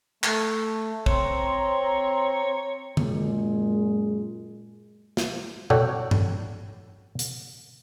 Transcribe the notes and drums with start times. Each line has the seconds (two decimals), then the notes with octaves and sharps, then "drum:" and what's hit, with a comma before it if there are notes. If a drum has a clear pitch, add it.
0.23 A3, drum: clap
1.06 C4 C#5 A#5 C6, drum: kick
2.97 F#2 A#2 G#3, drum: tom D3
5.17 drum: snare
5.70 F#4 A4 C#5 D5 G5, drum: tom A#2
6.11 drum: tom G2
7.19 drum: hi-hat